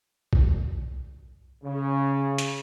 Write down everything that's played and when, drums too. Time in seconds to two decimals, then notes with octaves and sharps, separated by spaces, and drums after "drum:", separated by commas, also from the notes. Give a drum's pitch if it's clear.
0.33 drum: kick
1.64 C#3
2.38 drum: hi-hat